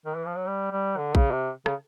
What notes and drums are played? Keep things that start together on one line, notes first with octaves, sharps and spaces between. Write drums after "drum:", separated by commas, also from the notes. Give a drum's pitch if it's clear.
D#3
E3
F3
F#3
G3
G3
D3
C#3, drum: kick A#1
C3
C#3, drum: rim click